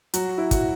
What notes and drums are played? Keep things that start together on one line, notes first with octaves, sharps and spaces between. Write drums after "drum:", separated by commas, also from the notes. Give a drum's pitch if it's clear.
F#3 F#4, drum: hi-hat
E4
F#4, drum: kick, hi-hat